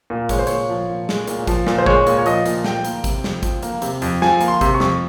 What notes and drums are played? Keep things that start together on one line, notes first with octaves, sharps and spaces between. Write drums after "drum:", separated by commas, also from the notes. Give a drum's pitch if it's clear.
A#2
G#3 C#5, drum: kick G#1, hi-hat
C5
A#2 C#5, drum: hi-hat
F3
A#2
G#3, drum: snare
A#2, drum: hi-hat
F3, drum: kick G#1, hi-hat
A#2, drum: snare
C5
G#3 C#5, drum: kick G#1
A#2, drum: hi-hat
C#5
F3 D#5, drum: hi-hat
A#2, drum: hi-hat
F3 G5, drum: snare
A#3, drum: hi-hat
C3, drum: kick G#1, hi-hat
F2, drum: snare
F3, drum: kick G#1, hi-hat
A#3, drum: hi-hat
C3, drum: hi-hat
F2, drum: hi-hat
F3 G#5, drum: snare
A#3, drum: hi-hat
C6
C3, drum: kick G#1, hi-hat
C#6
F2, drum: snare